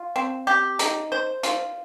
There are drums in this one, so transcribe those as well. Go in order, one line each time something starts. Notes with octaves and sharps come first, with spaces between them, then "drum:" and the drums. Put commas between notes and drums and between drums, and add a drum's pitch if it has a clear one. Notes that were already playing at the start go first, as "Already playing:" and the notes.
Already playing: F4
C4
G4
D#4, drum: hi-hat
C5
F4, drum: hi-hat